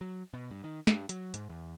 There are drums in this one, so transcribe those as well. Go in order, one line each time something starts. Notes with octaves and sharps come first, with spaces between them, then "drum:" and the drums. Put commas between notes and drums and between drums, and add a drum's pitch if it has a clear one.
F#3
B2
G2
D#3
G2, drum: snare
F#3, drum: hi-hat
G#2, drum: hi-hat
E2